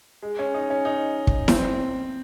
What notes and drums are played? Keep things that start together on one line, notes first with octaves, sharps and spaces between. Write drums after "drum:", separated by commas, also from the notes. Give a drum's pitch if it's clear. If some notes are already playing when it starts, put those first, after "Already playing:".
G#3
C#4
D#4
C#4
D#4
drum: kick
C4, drum: snare E4